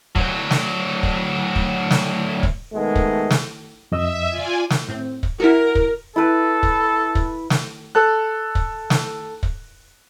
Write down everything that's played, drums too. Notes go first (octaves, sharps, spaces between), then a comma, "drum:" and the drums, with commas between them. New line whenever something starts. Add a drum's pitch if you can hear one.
D2 F#3, drum: kick
drum: snare
drum: kick
drum: kick
drum: snare
drum: kick
B2 D#3 G#3 A3
drum: kick
drum: snare
F2 D#5 E5 E6
F4 D5 G#5
drum: snare
A2 C4
drum: kick
E4 F#4 A#4
drum: kick
E4 A4 B4
drum: kick
drum: kick
drum: snare
A4 A5 F#6
drum: kick
drum: snare
drum: kick